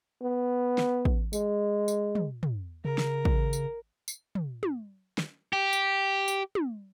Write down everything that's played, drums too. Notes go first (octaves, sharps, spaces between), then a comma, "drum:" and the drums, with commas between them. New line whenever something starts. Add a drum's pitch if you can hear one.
B3
drum: snare
drum: kick
G#3, drum: tambourine
drum: tambourine
drum: tom
drum: tom
C#3 A#4
drum: snare
drum: kick
drum: tambourine
drum: tambourine
drum: tom
drum: tom
drum: snare
G4
drum: tambourine
drum: tambourine
drum: tom